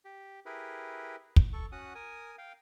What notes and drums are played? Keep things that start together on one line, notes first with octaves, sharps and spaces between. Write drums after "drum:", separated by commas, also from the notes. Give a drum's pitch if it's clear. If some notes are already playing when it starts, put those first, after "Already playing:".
G4
E4 G4 G#4 A#4 B4
drum: kick
A4 C#6
C#4 F#4 F#5 D#6
A#4 G#5 D#6
F5 G5